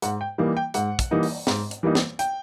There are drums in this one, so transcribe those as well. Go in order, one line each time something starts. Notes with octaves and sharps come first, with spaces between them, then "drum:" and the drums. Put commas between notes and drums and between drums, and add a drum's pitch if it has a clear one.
G#2 F#5, drum: hi-hat
G5
E3 G3 A#3 D#4
G5
G#2 F#5, drum: hi-hat
drum: kick, hi-hat
E3 G3 A#3 D#4
drum: open hi-hat
G#2, drum: snare
drum: hi-hat
E3 G3 A#3 D#4
drum: snare
G5, drum: hi-hat